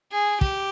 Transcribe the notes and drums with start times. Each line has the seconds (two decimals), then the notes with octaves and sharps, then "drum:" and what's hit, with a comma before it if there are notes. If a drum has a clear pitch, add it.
0.12 G#4
0.41 G4, drum: kick